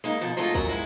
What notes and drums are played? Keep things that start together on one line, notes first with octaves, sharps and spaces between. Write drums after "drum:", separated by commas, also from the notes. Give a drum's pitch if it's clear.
G#3 A#3 D#4 E4
B2 D3 D#3 F3
G#3 A3 D#4 F4 F#4
D#2 E3 F#3 A#4, drum: kick
G#3 E4 F#4